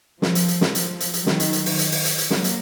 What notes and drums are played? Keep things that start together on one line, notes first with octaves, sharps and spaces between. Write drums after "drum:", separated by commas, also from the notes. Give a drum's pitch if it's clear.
F3, drum: snare
drum: hi-hat
drum: hi-hat
drum: snare
F3, drum: hi-hat
drum: hi-hat
drum: hi-hat
D#3 F#3, drum: snare
drum: hi-hat
drum: hi-hat
drum: open hi-hat
drum: hi-hat
drum: open hi-hat
drum: hi-hat
drum: hi-hat
F#3 A#3, drum: snare
drum: hi-hat